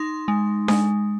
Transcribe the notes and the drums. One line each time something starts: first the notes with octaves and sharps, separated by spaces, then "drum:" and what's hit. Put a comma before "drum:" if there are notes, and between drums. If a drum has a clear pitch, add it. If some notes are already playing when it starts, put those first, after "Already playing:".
Already playing: D#4 C6
G#3
G#3, drum: snare D4